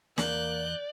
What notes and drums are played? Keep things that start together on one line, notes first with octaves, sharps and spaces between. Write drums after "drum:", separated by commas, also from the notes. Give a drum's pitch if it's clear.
E2 A#3 D5 F#6 G6, drum: snare